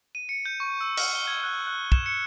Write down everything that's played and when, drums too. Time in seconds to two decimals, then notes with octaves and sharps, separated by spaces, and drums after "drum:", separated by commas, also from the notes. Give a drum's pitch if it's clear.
0.15 D#7
0.29 C#7
0.46 G6
0.60 C#6
0.81 E6
0.97 F6, drum: cymbal
1.15 G7
1.27 G#6
1.43 F#6
1.67 F#6
1.92 E7, drum: kick
2.06 C#7